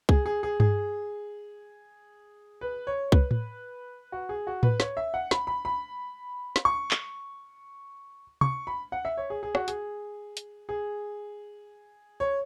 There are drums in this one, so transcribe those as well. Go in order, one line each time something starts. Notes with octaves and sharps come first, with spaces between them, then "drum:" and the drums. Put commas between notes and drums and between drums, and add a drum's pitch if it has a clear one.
G#4, drum: kick C2
G#4
G#4
G#4, drum: tom G2
B4
C#5
B4, drum: kick C2
drum: tom A2
F#4
G#4
F#4
B4, drum: tom A2
C#5, drum: snare
E5
F#5
B5, drum: snare
B5
B5
drum: snare
C#6
drum: clap
C#6, drum: tom
B5
F#5
E5
C#5
G#4
G#4
F#4, drum: rim click
G#4, drum: hi-hat
drum: hi-hat
G#4
C#5